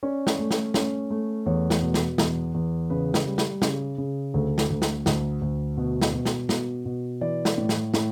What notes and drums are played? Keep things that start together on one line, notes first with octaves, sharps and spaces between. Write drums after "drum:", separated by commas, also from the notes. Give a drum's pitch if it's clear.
C#4 D5
drum: snare
A3
drum: snare
C#4, drum: snare
A3
E2 C#5
drum: snare
B2
drum: snare
E2, drum: snare
E2
C#3 B4
drum: snare
G3
drum: snare
C#3, drum: snare
C#3
D2 A4
drum: snare
D2
drum: snare
D2, drum: snare
D2
B2
drum: snare
B2
drum: snare
B2, drum: snare
B2
E3 D5
drum: snare
A2
drum: snare
A2, drum: snare